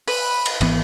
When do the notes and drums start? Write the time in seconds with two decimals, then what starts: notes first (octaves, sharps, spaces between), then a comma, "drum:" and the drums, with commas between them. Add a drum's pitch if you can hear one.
0.08 B4, drum: open hi-hat
0.46 drum: cymbal
0.61 G#1 E3 B3, drum: cymbal